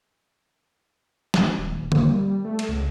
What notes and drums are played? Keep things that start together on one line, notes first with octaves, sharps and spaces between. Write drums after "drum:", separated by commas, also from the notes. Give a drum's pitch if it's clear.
drum: snare
D#1
A#3, drum: tom
G3
A3
drum: cymbal
C#2